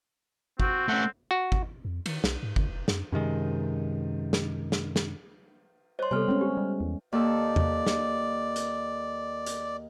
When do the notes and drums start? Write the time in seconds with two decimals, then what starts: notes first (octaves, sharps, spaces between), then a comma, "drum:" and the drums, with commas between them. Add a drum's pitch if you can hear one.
0.60 C4 F#4, drum: kick G1
0.88 A3 C#4 F#5
1.31 F#4
1.52 drum: kick G1
1.85 F2
2.06 D#3, drum: cymbal
2.24 B1, drum: snare
2.43 G#2
2.56 D3, drum: kick G1
2.69 F1
2.88 F#2, drum: snare
3.12 F#2 C3 D#3 G#3
4.33 drum: snare
4.72 drum: snare
4.96 drum: snare
5.99 C5 C#5 D#5 C6
6.11 C3 G3 B3 A4 C5 G#5 F6
6.28 G#3 C4 C#4
6.41 G4
6.57 G3
6.80 E2
7.13 D#2 A4 D5
7.56 drum: tom E2
7.87 drum: snare
8.56 drum: hi-hat
9.46 drum: hi-hat